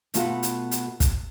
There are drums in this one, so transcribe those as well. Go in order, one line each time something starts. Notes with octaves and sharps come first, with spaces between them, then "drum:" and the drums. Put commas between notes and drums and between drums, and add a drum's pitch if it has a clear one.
B2 A3 B3 F4 F#4 A4, drum: hi-hat
drum: hi-hat
drum: hi-hat
drum: kick, hi-hat